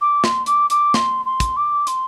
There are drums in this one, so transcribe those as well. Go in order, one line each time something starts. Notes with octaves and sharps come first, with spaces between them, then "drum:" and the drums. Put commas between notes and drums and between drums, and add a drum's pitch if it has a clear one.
D6
C6, drum: snare
D6, drum: hi-hat
D6, drum: hi-hat
C6, drum: snare
C6
drum: kick, hi-hat
D6
C6, drum: hi-hat